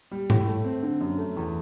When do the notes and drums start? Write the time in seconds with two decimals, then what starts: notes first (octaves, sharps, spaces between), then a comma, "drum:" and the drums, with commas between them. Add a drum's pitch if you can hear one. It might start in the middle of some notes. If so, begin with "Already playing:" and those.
0.12 G3
0.30 A2, drum: tom G#2
0.48 A3
0.64 C4
0.82 D3
1.01 F#2
1.18 A3
1.37 E2